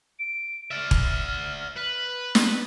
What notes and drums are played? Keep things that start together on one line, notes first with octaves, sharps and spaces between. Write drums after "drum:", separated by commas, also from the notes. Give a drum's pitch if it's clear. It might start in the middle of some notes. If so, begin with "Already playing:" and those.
D7
D5 E5 F6
drum: kick E1
B4
drum: snare